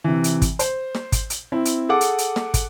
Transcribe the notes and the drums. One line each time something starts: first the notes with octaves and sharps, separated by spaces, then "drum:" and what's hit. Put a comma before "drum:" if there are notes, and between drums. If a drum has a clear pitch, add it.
C3 E3
drum: hi-hat
drum: kick, hi-hat
C5, drum: hi-hat
drum: snare
drum: kick, hi-hat
drum: hi-hat
C4 E4
drum: hi-hat
G#4 A4 F#5 D6
drum: hi-hat
drum: hi-hat
drum: snare
drum: kick, hi-hat